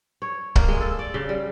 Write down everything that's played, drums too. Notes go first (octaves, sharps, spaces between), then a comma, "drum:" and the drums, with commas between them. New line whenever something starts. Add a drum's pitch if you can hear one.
C#5
A#3, drum: kick C#1
G#3
A4
D5
C#3
G3